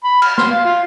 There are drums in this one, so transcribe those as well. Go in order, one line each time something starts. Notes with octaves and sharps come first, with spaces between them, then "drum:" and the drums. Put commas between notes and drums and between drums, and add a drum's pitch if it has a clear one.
B5
F6, drum: cymbal
C6, drum: snare
F5
F4